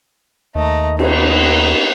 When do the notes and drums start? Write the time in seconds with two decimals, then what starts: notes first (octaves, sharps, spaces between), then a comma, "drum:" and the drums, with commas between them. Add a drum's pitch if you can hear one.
0.55 D#2 A3 D#5 A#5
0.99 A#3 B3 D#4, drum: cymbal